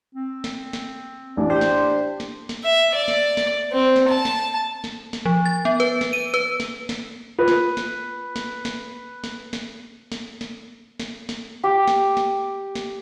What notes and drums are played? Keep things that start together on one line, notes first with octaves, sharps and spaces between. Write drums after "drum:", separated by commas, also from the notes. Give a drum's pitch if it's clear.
C4
drum: snare
drum: snare
A1 D4
G4 C5
drum: snare
drum: snare
drum: snare
E5
D5
drum: snare
drum: snare
C4
drum: snare
A5
drum: snare
drum: snare
drum: snare
F3
A6
B3
B4
drum: snare
D#7
B4
drum: snare
drum: snare
F4 B4
drum: snare
drum: snare
drum: snare
drum: snare
drum: snare
drum: snare
drum: snare
drum: snare
drum: snare
drum: snare
G4
drum: snare
drum: snare
drum: snare